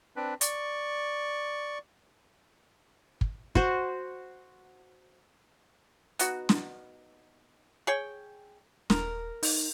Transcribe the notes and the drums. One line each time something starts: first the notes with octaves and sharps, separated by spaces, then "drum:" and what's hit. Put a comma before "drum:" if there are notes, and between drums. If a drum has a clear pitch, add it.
C4 D4 B4
D5 C#6, drum: hi-hat
drum: kick
F#4 C5, drum: kick
B3 D#4 F#4, drum: hi-hat
drum: snare
G#4 C#5 G5
D#1 A#4, drum: snare
D#4, drum: open hi-hat